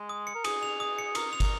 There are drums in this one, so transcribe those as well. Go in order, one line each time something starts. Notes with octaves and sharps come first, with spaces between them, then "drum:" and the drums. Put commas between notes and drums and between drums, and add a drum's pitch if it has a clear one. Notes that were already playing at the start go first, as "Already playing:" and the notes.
Already playing: G#3
D#6
C#7
A#4
G#4 D#6, drum: cymbal
F7
D#6
C#7
A#4 D#6, drum: cymbal
F7
A#4, drum: kick, cymbal